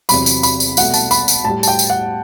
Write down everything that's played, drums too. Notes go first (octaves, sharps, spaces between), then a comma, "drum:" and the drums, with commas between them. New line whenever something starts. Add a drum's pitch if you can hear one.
E2 C3 F#3 B5, drum: tambourine
drum: tambourine
B5, drum: tambourine
drum: tambourine
C2 B2 A3 F#5, drum: tambourine
A5, drum: tambourine
B5, drum: tambourine
drum: tambourine
A2 G3 A5
A5, drum: tambourine
G5
drum: tambourine
F#5